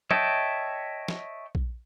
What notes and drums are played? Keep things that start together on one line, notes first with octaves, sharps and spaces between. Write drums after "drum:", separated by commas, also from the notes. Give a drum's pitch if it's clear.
C#5 D#5 E5 G5 A5, drum: tom
drum: snare
drum: kick A#1